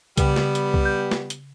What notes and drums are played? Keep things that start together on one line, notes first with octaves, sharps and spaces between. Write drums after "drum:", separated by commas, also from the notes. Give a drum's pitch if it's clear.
C#3 G3 B3, drum: kick C2, hi-hat
drum: snare
drum: hi-hat
drum: kick C2
G6
drum: snare
drum: hi-hat